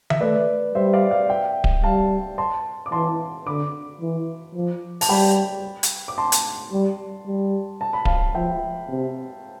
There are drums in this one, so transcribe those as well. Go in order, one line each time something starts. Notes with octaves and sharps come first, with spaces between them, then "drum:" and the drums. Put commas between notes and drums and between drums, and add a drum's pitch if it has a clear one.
E5, drum: tom D#3
A3 B4 D5
G3 C5 E5
D5 F5
D5 F5
E5 G5
drum: kick D1
G3 F5 A5
A5 C6
D6
E3 A5 C6
D3 B5 D6
E3
F3
A5, drum: open hi-hat
G3 G5 B5
drum: hi-hat
D6
A5 C6
drum: hi-hat
G3
G3
A5
B5
F5 A5, drum: kick D1
F3 E5 G5
C3